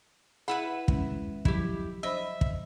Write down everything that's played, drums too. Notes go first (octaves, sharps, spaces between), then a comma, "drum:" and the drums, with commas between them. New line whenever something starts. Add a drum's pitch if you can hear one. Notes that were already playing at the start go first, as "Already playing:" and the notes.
E4 G#4 B4 E5 F#5 B5
G#3 C#4, drum: kick
F3 F#3 E4 G4, drum: kick
D4 C5 D#5 E5 B5
drum: kick